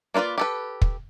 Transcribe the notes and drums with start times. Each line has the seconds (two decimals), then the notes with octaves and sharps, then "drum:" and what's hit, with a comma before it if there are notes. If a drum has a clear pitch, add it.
0.14 A#3 D4 F4 B4 D5
0.38 G4 A4 B4
0.82 drum: kick